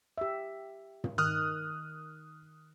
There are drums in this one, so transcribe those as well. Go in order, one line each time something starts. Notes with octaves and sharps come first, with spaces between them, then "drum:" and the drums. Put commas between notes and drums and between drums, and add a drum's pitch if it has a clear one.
G4 E5
drum: tom
D#3 D#6 F6 F#6